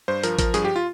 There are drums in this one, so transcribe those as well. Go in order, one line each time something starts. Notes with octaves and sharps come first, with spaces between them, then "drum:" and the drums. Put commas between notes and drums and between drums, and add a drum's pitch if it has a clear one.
G2 C5
F3 A#4, drum: hi-hat
F3 A#4, drum: kick A1, hi-hat
G2 G#4, drum: hi-hat
G4
F4